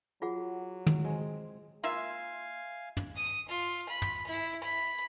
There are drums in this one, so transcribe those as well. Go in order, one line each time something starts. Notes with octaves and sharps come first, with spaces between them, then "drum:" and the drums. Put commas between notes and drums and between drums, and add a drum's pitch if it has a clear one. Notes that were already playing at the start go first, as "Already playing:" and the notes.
F#3 F4 G#4 F#5
drum: tom
G#3 C4
A#3 F4 E5 F5 G#5
drum: tom
D#6
F4
B5
drum: tom
E4
B5